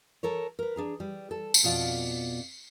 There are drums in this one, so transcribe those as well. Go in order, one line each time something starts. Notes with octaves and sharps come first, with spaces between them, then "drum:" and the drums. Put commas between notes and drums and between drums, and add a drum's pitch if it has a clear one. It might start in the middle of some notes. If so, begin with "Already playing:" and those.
A4 A#4 C#5
A#4 B4
D4 G#4 A#5
G3
A4
drum: tambourine
F2 B2 F4 D5